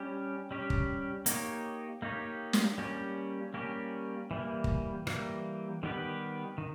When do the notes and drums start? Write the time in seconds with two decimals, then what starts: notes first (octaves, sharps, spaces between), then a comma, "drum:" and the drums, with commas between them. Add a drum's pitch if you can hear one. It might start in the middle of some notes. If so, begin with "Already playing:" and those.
Already playing: G3 C#4 G4
0.51 G3 C#4 G4
0.70 drum: kick
1.26 A#3 D#4 G4 C#5, drum: hi-hat
2.02 A#3 D#4 G4 C#5
2.53 drum: snare
2.78 G3 A#3 C#4 G4
3.54 G3 A#3 C#4 G4
4.31 E3 G3 A#3
4.64 drum: kick
5.07 E3 G3 A#3, drum: rim click
5.83 D#3 G3 B3 G4 B4
6.58 D#3